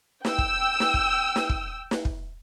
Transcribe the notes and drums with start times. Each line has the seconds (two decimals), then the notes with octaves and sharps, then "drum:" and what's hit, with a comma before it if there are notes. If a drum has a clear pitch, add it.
0.25 G5 E6, drum: snare
0.38 drum: kick
0.80 drum: snare
0.94 drum: kick
1.36 drum: snare
1.50 drum: kick
1.91 drum: snare
2.05 drum: kick